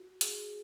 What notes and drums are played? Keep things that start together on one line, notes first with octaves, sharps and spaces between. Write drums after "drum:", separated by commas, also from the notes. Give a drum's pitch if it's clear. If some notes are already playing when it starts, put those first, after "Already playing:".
Already playing: F#4
G#4, drum: hi-hat